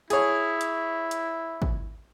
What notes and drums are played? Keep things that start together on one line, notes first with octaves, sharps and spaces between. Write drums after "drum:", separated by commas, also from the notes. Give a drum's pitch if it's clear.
E4 G#4 C#5, drum: hi-hat
drum: hi-hat
drum: hi-hat
drum: kick